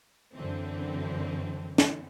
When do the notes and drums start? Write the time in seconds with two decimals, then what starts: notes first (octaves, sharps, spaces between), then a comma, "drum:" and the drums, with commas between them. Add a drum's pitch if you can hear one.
0.34 F#2 D3 E3 C4
1.78 drum: snare